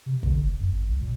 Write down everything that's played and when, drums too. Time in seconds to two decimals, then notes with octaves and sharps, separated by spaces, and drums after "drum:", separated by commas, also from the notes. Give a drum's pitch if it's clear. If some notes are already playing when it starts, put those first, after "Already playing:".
0.06 C3
0.23 D3, drum: kick
0.38 F#1
0.60 F#2
0.72 G#1
0.88 C2
1.01 A#2